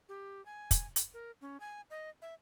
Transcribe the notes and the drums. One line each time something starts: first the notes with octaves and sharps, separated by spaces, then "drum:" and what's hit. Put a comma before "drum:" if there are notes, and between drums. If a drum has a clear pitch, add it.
G4
G#5
drum: kick, hi-hat
drum: hi-hat
A#4
C#4
G#5
D#5
E5